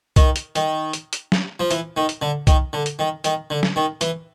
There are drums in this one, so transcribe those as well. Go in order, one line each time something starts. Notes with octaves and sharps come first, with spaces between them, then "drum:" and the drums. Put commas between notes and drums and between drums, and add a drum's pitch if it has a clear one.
D#3, drum: kick C2, hi-hat
drum: hi-hat
D#3, drum: hi-hat
drum: hi-hat
drum: hi-hat
drum: snare
F3
E3, drum: hi-hat
D#3
drum: hi-hat
D3
D#3, drum: kick C2, hi-hat
D3
drum: hi-hat
D#3
D#3, drum: hi-hat
D3
drum: snare
D#3
E3, drum: hi-hat